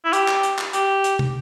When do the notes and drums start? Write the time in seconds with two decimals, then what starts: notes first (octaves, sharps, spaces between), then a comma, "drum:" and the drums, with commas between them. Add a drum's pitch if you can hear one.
0.05 E4
0.13 G4, drum: hi-hat
0.28 drum: clap
0.43 drum: hi-hat
0.59 drum: clap
0.73 G4, drum: hi-hat
1.04 drum: hi-hat
1.19 drum: tom